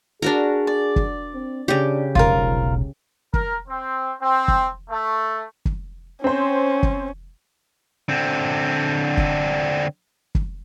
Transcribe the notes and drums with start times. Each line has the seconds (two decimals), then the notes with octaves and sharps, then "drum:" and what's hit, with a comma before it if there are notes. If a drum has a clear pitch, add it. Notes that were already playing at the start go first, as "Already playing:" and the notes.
0.22 D4 F#4 G#4 A#4
0.67 D5
0.96 drum: kick
1.35 C4
1.68 C#3 D4 G4
2.15 E1 B1 F3 F4 A#4, drum: kick
3.34 A#4, drum: kick
3.68 C4
4.21 C4
4.48 drum: kick
4.90 A3
5.65 drum: kick
6.24 C4 C#4 C5
6.83 drum: kick
8.09 D3 C4
9.17 drum: kick
10.35 drum: kick